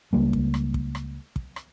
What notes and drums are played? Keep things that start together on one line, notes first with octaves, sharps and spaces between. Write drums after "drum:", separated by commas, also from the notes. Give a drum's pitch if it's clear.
C#2 G3 A#3
drum: kick
drum: rim click
drum: kick
drum: rim click
drum: kick
drum: rim click